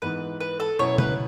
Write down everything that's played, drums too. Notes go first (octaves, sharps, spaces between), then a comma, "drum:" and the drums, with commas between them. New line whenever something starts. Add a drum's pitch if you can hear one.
G#2 E3 B3 B4
B4
A4
B2 F#3 C#4 E4 C#5
B4, drum: tom C3